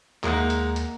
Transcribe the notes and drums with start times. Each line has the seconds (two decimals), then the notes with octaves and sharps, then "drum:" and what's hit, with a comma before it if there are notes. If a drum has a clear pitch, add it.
0.24 D#2 G#3 A#3 D#4 A#4 E5 F#5, drum: clap
0.50 drum: hi-hat
0.76 drum: hi-hat